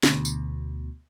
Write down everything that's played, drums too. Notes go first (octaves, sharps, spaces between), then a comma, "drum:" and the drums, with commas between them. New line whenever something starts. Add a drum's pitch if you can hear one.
D2 B2, drum: snare
drum: tambourine